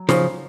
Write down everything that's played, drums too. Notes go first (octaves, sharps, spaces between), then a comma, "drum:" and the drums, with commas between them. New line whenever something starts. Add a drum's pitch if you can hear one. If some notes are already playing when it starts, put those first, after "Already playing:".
Already playing: F#3
C#3 F3, drum: snare